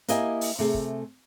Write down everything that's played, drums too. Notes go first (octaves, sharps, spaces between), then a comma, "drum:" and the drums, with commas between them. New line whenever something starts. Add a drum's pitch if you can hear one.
A#3 E4 G4 D#5 E5 G#5, drum: hi-hat
drum: open hi-hat
C3 A3 G#4
drum: kick